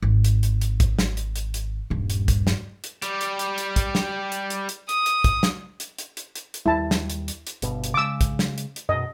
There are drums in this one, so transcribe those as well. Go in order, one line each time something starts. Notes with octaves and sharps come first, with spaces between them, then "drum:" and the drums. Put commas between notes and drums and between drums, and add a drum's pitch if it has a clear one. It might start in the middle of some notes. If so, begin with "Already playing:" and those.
G#1
drum: hi-hat
drum: hi-hat
drum: hi-hat
drum: kick, hi-hat
drum: snare
drum: hi-hat
drum: hi-hat
drum: hi-hat
D#1 G2
drum: hi-hat
drum: kick, hi-hat
drum: snare
drum: hi-hat
G3 G4, drum: hi-hat
drum: hi-hat
drum: hi-hat
drum: hi-hat
drum: kick, hi-hat
drum: snare
drum: hi-hat
drum: hi-hat
drum: hi-hat
D#6, drum: hi-hat
drum: hi-hat
drum: kick, hi-hat
drum: snare
drum: hi-hat
drum: hi-hat
drum: hi-hat
drum: hi-hat
drum: hi-hat
D#2 G3 E4 A5
drum: snare
drum: hi-hat
drum: hi-hat
drum: hi-hat
G1 G2 B2, drum: hi-hat
drum: hi-hat
C#3 G#3 D6 E6
drum: kick, hi-hat
drum: snare
drum: hi-hat
drum: hi-hat
F#2 B2 D#5